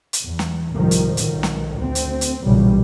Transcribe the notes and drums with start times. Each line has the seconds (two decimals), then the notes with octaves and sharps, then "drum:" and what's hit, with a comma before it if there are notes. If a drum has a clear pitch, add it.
0.13 drum: hi-hat
0.22 E2
0.39 drum: snare
0.74 C2 G#2 D#3 F3
0.91 drum: hi-hat
1.17 B1 D#3, drum: hi-hat
1.43 drum: snare
1.78 D2 C4
1.95 drum: hi-hat
2.21 drum: hi-hat
2.44 B1 E2 A#2 C#3 G3